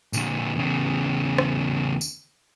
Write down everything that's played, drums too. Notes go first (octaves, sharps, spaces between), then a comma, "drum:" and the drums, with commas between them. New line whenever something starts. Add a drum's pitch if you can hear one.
A#2 D3, drum: tambourine
E2 C#3
drum: rim click
drum: tambourine